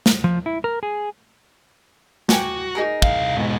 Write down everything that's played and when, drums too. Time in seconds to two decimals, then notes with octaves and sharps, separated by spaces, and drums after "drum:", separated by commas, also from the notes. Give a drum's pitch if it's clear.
0.06 drum: snare
0.24 F3
0.46 E4
0.64 A#4
0.83 G#4
2.29 F#4 G5 G#5 D6, drum: snare
2.75 D#4 G#4 A#4
3.02 C2 F5, drum: kick
3.37 G#2 B2